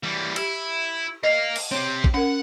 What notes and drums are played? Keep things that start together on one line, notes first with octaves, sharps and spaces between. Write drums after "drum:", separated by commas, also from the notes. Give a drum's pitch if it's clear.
E3 G3
E4 G4, drum: cymbal
A#4 D#5 F5
drum: cymbal
C4 G4 C#5
drum: kick A1
C#4 A#4 F#5